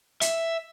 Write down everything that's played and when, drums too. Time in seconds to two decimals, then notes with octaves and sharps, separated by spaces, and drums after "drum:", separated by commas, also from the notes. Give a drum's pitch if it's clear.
0.21 E5, drum: hi-hat